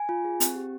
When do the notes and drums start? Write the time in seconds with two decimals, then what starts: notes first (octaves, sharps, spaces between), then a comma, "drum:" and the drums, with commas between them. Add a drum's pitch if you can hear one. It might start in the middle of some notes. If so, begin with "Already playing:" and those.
Already playing: G#5
0.09 F4
0.25 G#4
0.40 C4, drum: hi-hat
0.56 G4